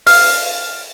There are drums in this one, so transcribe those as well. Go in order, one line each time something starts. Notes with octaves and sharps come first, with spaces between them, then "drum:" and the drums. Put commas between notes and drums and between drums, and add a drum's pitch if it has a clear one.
F5, drum: open hi-hat